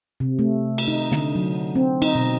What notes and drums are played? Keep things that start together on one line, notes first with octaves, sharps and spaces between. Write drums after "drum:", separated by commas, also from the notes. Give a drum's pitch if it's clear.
C3
A3
drum: cymbal
D#4
D3, drum: snare
F#3
C4
D#4, drum: cymbal
B2